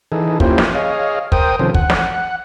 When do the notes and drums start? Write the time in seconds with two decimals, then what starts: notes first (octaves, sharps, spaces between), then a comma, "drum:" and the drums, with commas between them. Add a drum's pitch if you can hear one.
0.12 E3 D#4 G#4 A4
0.40 A#3 C#4 E4 F4 G4 C5, drum: kick
0.58 drum: snare
0.75 G#4 C#5 D#5 F5
1.32 A#4 C5 G5 D#6, drum: kick
1.59 C3 D#3 F3 C#4 A4 C5
1.75 F#5, drum: kick
1.90 drum: snare